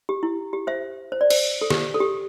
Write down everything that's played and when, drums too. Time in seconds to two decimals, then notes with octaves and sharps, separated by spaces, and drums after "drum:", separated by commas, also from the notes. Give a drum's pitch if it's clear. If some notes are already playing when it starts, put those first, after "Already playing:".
0.09 G4
0.23 E4
0.53 G4
0.67 C5 E5
1.12 C5
1.21 D5
1.30 C5, drum: cymbal
1.61 A4
1.70 G4, drum: snare
1.94 A4
2.00 G4